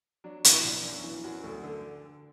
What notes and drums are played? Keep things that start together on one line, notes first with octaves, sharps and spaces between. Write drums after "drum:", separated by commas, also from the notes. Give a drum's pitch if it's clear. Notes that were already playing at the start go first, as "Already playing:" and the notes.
F#3 D4
B1 E4, drum: hi-hat
B1 D4
F#2 D4
E3
F#2 F#4
D2 A4
D3 A4